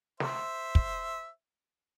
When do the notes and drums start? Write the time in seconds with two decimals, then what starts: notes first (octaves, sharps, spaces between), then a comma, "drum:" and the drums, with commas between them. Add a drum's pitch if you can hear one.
0.20 C5 E5, drum: snare
0.75 drum: kick